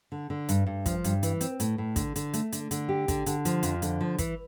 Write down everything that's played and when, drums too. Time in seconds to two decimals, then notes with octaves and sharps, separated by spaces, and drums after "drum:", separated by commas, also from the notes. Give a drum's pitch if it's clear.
0.12 D3
0.30 D3
0.49 G2, drum: hi-hat
0.67 G2
0.86 F3, drum: kick, hi-hat
1.04 G2, drum: hi-hat
1.23 E3, drum: hi-hat
1.41 C4, drum: hi-hat
1.60 A2, drum: hi-hat
1.78 A2
1.96 D3, drum: kick, hi-hat
2.16 D3, drum: hi-hat
2.34 A3, drum: hi-hat
2.53 D3, drum: hi-hat
2.71 D3, drum: hi-hat
2.89 G4
3.08 D3, drum: kick, hi-hat
3.26 D3, drum: hi-hat
3.45 F3, drum: hi-hat
3.63 F2, drum: hi-hat
3.82 D3, drum: hi-hat
4.01 F3
4.19 E3, drum: kick, hi-hat